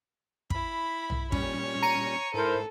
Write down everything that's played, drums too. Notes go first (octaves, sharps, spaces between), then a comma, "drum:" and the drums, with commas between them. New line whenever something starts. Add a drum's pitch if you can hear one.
E4 B5, drum: kick
drum: tom B1
A#2 G3 C#4 C#5, drum: kick
A#5 C#7 D#7
G#2 E4 A4 A#4 C5